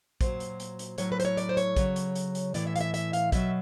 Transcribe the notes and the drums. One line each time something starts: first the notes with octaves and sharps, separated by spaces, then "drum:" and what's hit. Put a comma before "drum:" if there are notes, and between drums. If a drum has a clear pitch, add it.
A#2 F#3 C5, drum: kick, hi-hat
drum: hi-hat
drum: hi-hat
drum: hi-hat
A2 F#3 C#5, drum: hi-hat
B4
C5, drum: hi-hat
C#5
D5, drum: hi-hat
C5
C#5, drum: hi-hat
C#3 F#3, drum: kick, hi-hat
drum: hi-hat
drum: hi-hat
drum: hi-hat
A2 E3 D5, drum: hi-hat
E5
F5, drum: hi-hat
E5
E5, drum: hi-hat
F5, drum: hi-hat
B2 F#3 E5, drum: kick, hi-hat